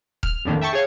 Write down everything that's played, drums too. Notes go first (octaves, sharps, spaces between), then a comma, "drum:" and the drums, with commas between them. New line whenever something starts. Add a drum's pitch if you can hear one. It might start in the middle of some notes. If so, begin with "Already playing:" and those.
F6, drum: kick D#1
F2 A2 D3 D#3 A#3
E5 G5 A5 C#6
G#4 C#5 F5